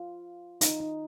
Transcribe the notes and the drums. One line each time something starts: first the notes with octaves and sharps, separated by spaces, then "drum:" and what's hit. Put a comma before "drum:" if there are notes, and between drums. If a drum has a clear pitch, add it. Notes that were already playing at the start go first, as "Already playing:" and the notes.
Already playing: F4
D#4, drum: hi-hat
D#4